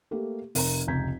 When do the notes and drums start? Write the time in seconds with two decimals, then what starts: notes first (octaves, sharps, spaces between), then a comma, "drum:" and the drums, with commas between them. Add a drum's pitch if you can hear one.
0.11 A3 A#3 G4 A4
0.55 F1 A#4 A#5, drum: open hi-hat
0.87 F1 C#2 A#5 G6 G#6 B6